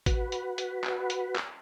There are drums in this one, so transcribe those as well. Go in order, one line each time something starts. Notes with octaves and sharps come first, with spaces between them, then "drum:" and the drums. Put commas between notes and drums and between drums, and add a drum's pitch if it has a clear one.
F#4 B4, drum: kick, hi-hat
drum: hi-hat
drum: hi-hat
drum: clap
drum: hi-hat
drum: clap